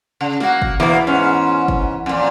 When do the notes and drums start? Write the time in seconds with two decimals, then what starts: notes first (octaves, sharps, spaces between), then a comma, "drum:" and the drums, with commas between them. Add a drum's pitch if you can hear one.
0.21 C#3
0.40 A#3 F#4, drum: snare
0.62 drum: kick
0.80 E2 B2 A#3 B3
1.07 G#2 C#4
1.68 drum: kick
2.06 F2 A#2